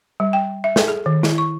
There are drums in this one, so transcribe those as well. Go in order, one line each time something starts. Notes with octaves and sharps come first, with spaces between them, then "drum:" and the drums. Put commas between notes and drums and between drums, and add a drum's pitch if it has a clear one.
G3
G5
E5
A4, drum: snare
G#4
D#3
E4, drum: snare
C#6